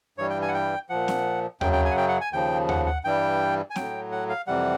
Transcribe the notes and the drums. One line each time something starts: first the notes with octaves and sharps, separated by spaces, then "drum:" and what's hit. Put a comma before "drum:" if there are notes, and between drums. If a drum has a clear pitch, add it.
G2 E3 G3 C#5
G5
G#5
F#5
G5
A#2 F3 F#5
drum: snare C4
F#2 C#3 F#3 G5, drum: tom D#2
G5
G#5
F#5
G5
F#5
G#5
D#2 C#3 F3 G5
F#5, drum: tom D#2
F#5
G2 E3 G3 G5
G#5
A2 F#3 G5, drum: snare C4
F#5
F5
F2 C3 E3 G3 F#5